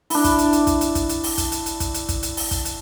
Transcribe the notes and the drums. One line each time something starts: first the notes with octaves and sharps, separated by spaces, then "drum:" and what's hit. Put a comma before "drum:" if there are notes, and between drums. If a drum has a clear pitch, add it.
D4 E4, drum: open hi-hat
drum: kick, hi-hat
drum: hi-hat
drum: hi-hat
drum: kick, hi-hat
drum: hi-hat
drum: kick, hi-hat
drum: hi-hat
drum: open hi-hat
drum: kick, hi-hat
drum: hi-hat
drum: hi-hat
drum: kick, hi-hat
drum: hi-hat
drum: kick, hi-hat
drum: hi-hat
drum: open hi-hat
drum: kick, hi-hat
drum: hi-hat